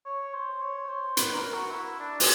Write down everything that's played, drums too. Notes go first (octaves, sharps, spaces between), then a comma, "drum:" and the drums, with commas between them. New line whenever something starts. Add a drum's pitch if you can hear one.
C#5
C5
C#5
C5
B4, drum: hi-hat
A#4
F#4
E4
D4
C4, drum: open hi-hat